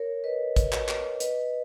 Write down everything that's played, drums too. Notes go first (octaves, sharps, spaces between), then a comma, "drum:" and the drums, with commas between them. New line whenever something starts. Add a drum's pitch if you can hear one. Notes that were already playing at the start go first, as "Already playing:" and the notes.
Already playing: A#4 C#5
B4 D#5
drum: kick, hi-hat
drum: clap
drum: clap
B4 D#5, drum: hi-hat